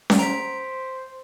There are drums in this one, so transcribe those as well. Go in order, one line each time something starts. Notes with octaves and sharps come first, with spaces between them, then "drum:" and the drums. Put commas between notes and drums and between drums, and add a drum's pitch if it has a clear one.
drum: snare C#4
C5 A#5 B6 D7